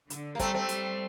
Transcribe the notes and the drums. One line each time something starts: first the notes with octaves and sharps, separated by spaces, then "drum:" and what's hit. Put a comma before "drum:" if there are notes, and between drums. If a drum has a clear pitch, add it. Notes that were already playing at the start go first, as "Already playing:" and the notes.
D3, drum: hi-hat
A#3
G3 A3 C4, drum: kick, hi-hat
A3 C4
G3, drum: hi-hat